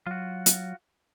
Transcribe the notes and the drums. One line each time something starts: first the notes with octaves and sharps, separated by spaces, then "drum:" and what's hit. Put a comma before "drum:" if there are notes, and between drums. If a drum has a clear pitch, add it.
F#3 F4 F#4
drum: hi-hat